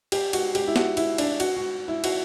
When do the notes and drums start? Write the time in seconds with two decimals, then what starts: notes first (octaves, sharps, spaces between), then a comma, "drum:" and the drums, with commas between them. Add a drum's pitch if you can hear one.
0.12 G4, drum: cymbal
0.33 F#4, drum: cymbal
0.55 G4, drum: cymbal
0.67 E4
0.76 F#4, drum: snare
0.97 E4, drum: cymbal
1.18 D4, drum: cymbal
1.40 F#4, drum: cymbal
1.56 F#4
1.88 E4
2.04 F#4, drum: cymbal